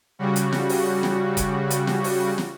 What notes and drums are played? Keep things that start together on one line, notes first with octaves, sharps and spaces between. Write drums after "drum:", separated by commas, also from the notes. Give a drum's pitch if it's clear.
C#3 G3 F#4
drum: hi-hat
drum: snare
drum: open hi-hat
drum: snare
drum: kick F1, hi-hat
drum: hi-hat
drum: snare
drum: open hi-hat
drum: snare